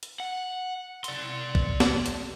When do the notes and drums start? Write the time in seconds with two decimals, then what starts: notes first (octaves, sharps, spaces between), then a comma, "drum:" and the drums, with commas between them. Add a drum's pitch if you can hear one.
0.03 drum: hi-hat
0.20 F#5
1.04 D5 C6, drum: hi-hat
1.55 drum: kick
1.80 drum: snare
2.06 drum: hi-hat